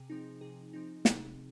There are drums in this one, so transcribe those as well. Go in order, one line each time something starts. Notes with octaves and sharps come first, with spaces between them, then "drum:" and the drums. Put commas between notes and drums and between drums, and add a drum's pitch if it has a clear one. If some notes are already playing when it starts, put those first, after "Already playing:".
Already playing: C3 G#4
F3 C4 D#4
C3 G#4
F3 C4 D#4
C3, drum: snare